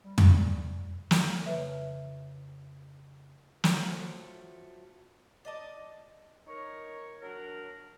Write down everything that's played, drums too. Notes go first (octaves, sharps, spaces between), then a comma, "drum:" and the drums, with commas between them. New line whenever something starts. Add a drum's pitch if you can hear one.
G3
drum: tom
drum: snare
F2 C#3 B4 E5
F3 F#3 A3, drum: snare
D5 D#5 A5
D#4 A#4 C#5
F#3 D4 A#4